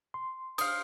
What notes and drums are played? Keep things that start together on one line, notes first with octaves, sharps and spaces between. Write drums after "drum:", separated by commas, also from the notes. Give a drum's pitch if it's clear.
C6
C5 F5 D#6, drum: cymbal